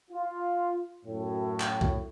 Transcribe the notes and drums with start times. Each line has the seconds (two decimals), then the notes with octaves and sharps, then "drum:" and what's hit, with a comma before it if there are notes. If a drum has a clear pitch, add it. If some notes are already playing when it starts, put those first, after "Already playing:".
0.11 F4
1.06 F#2 A2
1.60 drum: clap
1.81 drum: kick C2